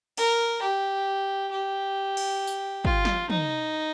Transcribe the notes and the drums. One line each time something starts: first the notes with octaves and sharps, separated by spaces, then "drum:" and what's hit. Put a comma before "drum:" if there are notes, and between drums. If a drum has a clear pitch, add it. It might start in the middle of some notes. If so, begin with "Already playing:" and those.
A#4, drum: cymbal
G4
G4
drum: cymbal
drum: tambourine
F4, drum: kick
drum: snare
D#4, drum: tom